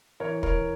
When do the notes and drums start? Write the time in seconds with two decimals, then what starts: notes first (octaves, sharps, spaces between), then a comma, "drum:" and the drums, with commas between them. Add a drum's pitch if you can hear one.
0.20 E3 A#4 C#5
0.43 A#4 C#5, drum: kick